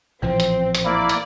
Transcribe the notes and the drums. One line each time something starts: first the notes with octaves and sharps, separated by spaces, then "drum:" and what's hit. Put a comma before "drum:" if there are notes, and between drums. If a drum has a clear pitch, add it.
A#1 A2 E3 F3 C4
drum: hi-hat
drum: hi-hat
A#3 E4 D5
drum: hi-hat